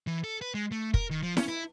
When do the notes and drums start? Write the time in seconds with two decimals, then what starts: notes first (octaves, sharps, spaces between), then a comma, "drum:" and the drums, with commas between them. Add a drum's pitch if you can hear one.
0.07 E3
0.24 A4
0.41 B4
0.54 G#3
0.71 A3
0.94 A#4, drum: kick
1.10 D#3
1.23 F3
1.37 C#4, drum: snare E4
1.48 E4